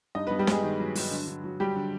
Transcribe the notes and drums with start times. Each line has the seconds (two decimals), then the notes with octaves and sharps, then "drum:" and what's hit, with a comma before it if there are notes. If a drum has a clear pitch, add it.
0.15 G2 D#4 D#5
0.27 B3 B4
0.31 G2
0.39 G3 G4
0.47 G2 G#3 G#4, drum: snare
0.63 D#3
0.80 F#3
0.95 F#3, drum: open hi-hat
1.11 D3
1.27 D3
1.44 F#3
1.60 F#3 G3 G4
1.76 D3